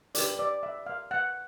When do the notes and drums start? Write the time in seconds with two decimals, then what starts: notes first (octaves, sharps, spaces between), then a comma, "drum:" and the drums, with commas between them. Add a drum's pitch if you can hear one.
0.15 D4 G4 B4 D5, drum: hi-hat
0.39 D5
0.63 E5
0.86 F5
1.11 F#5